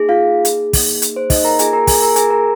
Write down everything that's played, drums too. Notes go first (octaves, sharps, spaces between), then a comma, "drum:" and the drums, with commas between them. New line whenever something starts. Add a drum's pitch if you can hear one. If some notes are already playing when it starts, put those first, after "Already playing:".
Already playing: A#3 D#4 G#4
F4 F5
drum: hi-hat
A#3 D#4 G#4, drum: kick, open hi-hat
drum: hi-hat
C5
D#4 D#5, drum: kick, open hi-hat
A#4 A#5
A#3 F4 G#4 G#5, drum: hi-hat
A#4 A#5
G#4 G#5, drum: kick, open hi-hat
A#4 A#5
G#4 G#5, drum: hi-hat
A#4 A#5